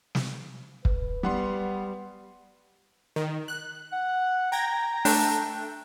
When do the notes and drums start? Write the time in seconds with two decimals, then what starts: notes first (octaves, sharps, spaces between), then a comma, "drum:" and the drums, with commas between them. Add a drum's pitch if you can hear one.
0.15 drum: snare
0.85 B4, drum: kick
1.23 G3 B3 F#5 C6
3.16 D#3
3.48 F#6
3.93 F#5
4.52 G5 A#5 G#6 A#6
5.05 A3 D4 G5, drum: open hi-hat